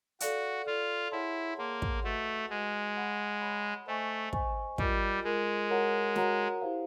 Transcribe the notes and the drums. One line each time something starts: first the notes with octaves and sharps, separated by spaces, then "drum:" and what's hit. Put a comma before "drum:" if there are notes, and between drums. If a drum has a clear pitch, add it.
F#4 A4 D5 F5, drum: hi-hat
F4 A4 D5 F5
E4 G#4 C#5 F#5 A5 C6
A#3 G#4 C#5 F#5 A5 C6
drum: kick
A3 F#4 B4 D#5 F#5
G#3 F#4 B4 D#5 F#5
C#5 F#5 B5
C#5 F#5 B5
A3 C5 D#5 G#5 C#6
C5 D#5 G#5 C#6, drum: kick
G3 F4 A#4 D#5, drum: kick
G#3 F4 A#4 D#5
F#4 A#4 C#5 F#5 A#5
F#4 A#4 C#5 F#5 A#5, drum: snare
E4 G4 C5 F5